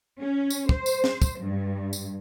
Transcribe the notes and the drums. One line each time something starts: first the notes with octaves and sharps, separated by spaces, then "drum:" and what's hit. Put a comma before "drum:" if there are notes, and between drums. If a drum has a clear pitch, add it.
C#4
drum: tambourine
C5, drum: kick
drum: tambourine
drum: snare
drum: kick, tambourine
G2
drum: tambourine